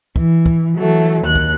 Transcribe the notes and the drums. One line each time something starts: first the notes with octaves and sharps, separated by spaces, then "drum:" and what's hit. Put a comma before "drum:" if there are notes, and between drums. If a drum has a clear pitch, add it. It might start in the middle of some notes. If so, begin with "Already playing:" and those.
E3, drum: kick
drum: kick
E3 F#3 A3
D#2 F#6
drum: kick